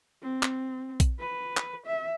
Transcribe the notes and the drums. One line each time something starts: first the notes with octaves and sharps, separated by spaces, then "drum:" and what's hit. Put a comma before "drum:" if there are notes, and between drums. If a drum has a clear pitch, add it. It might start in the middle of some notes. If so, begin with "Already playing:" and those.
C4
drum: clap
drum: kick A#1, hi-hat
B4
drum: clap
E5